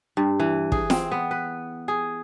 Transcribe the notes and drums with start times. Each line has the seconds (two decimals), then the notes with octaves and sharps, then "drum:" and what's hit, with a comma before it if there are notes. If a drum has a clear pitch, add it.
0.17 G2
0.40 E3
0.72 G#4, drum: kick
0.90 C4, drum: snare
1.12 B3
1.31 B4
1.88 G#4